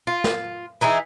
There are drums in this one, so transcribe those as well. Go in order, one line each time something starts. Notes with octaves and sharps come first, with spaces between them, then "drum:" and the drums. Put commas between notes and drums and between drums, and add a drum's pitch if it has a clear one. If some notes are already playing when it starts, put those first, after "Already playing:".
F4
drum: snare
E3 D#4 E4 G#4